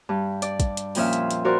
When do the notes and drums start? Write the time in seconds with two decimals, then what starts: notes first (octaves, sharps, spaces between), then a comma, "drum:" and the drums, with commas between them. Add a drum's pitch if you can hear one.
0.09 G2
0.42 D5, drum: hi-hat
0.60 drum: kick, hi-hat
0.77 drum: hi-hat
0.95 F2 A#2 F3 C#4 E5 F5, drum: open hi-hat
1.13 drum: hi-hat
1.31 drum: hi-hat
1.45 F#4 A#4 C5 D5